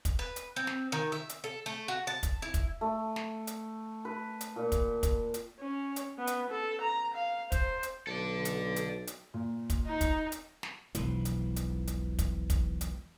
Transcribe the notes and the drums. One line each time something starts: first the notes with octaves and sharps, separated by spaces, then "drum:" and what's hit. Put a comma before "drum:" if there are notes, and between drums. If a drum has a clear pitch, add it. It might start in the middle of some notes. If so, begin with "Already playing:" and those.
drum: kick, hi-hat
B4
drum: hi-hat
C4
drum: snare
D#3
E5
drum: hi-hat
A4
A3
F#4
A5
drum: kick, hi-hat
E4
drum: kick, hi-hat
A3
drum: snare
drum: hi-hat
B4
drum: hi-hat
A#2
drum: kick, hi-hat
drum: kick, hi-hat
drum: hi-hat
C#4
drum: hi-hat
B3
drum: hi-hat
A4
A#5
F5
C5, drum: kick, hi-hat
drum: hi-hat
B1 A4 D5
drum: hi-hat
drum: hi-hat
drum: hi-hat
A#2
drum: kick, hi-hat
D#4
drum: kick, hi-hat
drum: hi-hat
drum: snare
E1 B1 E3 F3, drum: hi-hat
drum: hi-hat
drum: hi-hat
drum: hi-hat
drum: kick, hi-hat
drum: kick, hi-hat
drum: hi-hat